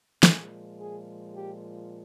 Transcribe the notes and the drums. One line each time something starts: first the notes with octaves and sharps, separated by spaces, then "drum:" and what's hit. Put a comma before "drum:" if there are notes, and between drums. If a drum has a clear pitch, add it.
A#2 F3 G#3 G#4, drum: snare
G#4
G4